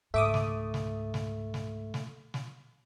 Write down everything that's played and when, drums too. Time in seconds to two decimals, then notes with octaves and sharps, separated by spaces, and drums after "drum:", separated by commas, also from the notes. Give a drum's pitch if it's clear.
0.14 C#2 G#2 A3 E5 D6 D#6
0.34 drum: snare
0.74 drum: snare
1.14 drum: snare
1.54 drum: snare
1.94 drum: snare
2.34 drum: snare